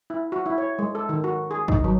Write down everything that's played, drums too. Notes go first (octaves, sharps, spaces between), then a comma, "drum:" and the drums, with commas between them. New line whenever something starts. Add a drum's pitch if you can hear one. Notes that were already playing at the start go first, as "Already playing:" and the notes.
E4
F#4
E4
C#5
G#3
A4
D#3
F#4
G#4
D#4, drum: kick
F#3